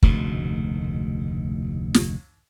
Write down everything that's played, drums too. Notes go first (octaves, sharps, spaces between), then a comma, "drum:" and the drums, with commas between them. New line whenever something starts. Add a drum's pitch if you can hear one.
F1 D2 G#2 B2, drum: kick
drum: snare